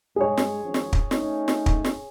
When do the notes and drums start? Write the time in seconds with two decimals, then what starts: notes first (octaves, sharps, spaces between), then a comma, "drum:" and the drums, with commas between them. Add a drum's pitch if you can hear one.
0.16 G2 G#3 G#4 C#5
0.37 drum: snare
0.63 G#1 F3 C#4
0.74 drum: snare
0.93 drum: kick
1.11 A3 C#4 D#4, drum: snare
1.48 drum: snare
1.66 drum: kick
1.85 drum: snare